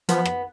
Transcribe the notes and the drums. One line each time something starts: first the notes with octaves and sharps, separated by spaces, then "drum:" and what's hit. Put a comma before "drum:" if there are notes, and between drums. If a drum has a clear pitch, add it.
F3 B3, drum: hi-hat
drum: rim click